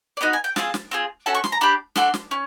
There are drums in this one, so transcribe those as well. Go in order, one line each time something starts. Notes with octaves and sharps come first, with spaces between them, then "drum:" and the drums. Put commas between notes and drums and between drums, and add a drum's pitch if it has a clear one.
D5
B3 D#4 F#4 D#5
G#5
G5
C4 F4 G#4 A5, drum: snare
drum: snare
C4 F4 G#4
C#4 F#4 A4 A5
C#6
C6, drum: snare
A#5
D4 G4 B5
D4 F#4 A4 C6, drum: snare
drum: snare
C#4